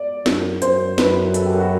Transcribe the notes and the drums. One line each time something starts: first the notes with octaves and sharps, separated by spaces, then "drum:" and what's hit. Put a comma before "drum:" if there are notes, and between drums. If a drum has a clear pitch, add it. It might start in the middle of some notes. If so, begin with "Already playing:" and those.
Already playing: D5
F#2, drum: snare
F#2 C5, drum: hi-hat
F#2 B4, drum: snare
A4, drum: hi-hat
G4
F#4